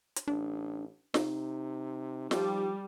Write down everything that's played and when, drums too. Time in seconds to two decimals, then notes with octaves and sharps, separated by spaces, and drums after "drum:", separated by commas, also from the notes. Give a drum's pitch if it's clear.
0.16 drum: hi-hat
0.28 A1 D4
1.14 C3 D#4, drum: snare
2.31 F3 G3, drum: snare